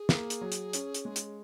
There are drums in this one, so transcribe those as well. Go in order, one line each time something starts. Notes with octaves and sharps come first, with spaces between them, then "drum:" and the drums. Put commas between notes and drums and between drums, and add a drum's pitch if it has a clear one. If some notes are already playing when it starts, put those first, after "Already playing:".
Already playing: G#4
A#3, drum: snare
drum: hi-hat
F#3
drum: hi-hat
C#4, drum: hi-hat
drum: hi-hat
G#3
drum: hi-hat